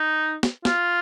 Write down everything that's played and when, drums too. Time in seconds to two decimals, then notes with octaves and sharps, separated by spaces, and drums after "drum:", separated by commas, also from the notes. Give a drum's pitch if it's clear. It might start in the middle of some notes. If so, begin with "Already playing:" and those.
Already playing: D#4
0.43 drum: snare
0.65 F4, drum: snare